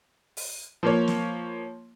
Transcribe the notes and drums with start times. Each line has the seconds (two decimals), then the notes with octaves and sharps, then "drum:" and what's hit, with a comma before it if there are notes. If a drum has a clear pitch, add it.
0.37 drum: open hi-hat
0.83 F3 A#3 C#5
1.08 drum: snare